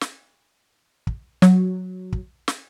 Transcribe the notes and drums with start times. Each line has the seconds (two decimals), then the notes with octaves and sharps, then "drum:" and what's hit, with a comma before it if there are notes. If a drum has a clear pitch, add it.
0.01 drum: snare
1.07 drum: kick
1.42 F#3, drum: snare
2.12 drum: kick
2.48 drum: snare